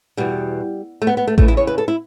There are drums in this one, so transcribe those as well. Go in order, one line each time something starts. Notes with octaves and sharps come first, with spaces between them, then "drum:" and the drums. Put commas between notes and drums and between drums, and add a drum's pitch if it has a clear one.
E2 B2 G3
A3
B3
B3
A3
E2 C#3 E3 A3, drum: kick A1
E4
C#5
B4
A4
E4